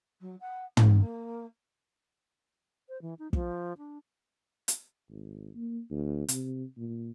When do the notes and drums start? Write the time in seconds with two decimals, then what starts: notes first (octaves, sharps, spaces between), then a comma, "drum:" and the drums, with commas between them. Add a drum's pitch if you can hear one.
0.20 F#3
0.40 F#5
0.77 B3, drum: tom
0.98 A#3
2.89 C5
3.02 E3
3.19 D#4
3.33 F3, drum: kick
3.78 D4
4.68 drum: hi-hat
5.10 G#1
5.56 A#3
5.90 D2
6.28 C3, drum: hi-hat
6.78 A#2